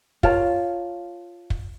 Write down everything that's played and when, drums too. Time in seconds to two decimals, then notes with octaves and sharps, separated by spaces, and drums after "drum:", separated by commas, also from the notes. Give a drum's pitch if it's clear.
0.23 F4 A#4 C#5 A5, drum: kick
1.50 drum: kick